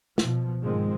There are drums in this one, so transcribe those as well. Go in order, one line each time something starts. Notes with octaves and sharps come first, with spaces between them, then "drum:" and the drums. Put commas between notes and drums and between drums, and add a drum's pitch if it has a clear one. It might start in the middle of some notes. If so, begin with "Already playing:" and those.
B2 F3, drum: snare
G#2 D#3 F3 G#3 C4